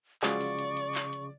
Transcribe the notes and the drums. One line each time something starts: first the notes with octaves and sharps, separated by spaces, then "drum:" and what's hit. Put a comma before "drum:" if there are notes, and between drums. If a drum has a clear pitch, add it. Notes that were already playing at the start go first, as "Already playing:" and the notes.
C#3 F3 F#3 G#3 D5 C#6, drum: clap
drum: open hi-hat
drum: hi-hat
drum: hi-hat
drum: clap
drum: hi-hat